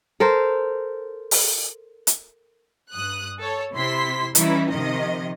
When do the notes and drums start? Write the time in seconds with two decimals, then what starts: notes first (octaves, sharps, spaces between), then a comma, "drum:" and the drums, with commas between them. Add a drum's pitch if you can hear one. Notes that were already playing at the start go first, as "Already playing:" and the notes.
0.20 A4 A#4 C5
1.31 drum: open hi-hat
2.07 drum: hi-hat
2.94 G2 D#6 F#6
3.39 A4 C#5
3.74 C3 E4 C6 B6
4.35 E3 G3 C#4 D#4 E4, drum: hi-hat
4.71 C3 D#3 F3 D#5